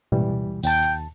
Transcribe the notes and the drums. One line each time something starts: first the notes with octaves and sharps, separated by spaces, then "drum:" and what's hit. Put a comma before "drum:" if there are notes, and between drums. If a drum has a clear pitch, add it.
E3 G3, drum: tom B2
D#2 G5 A5, drum: tambourine
drum: hi-hat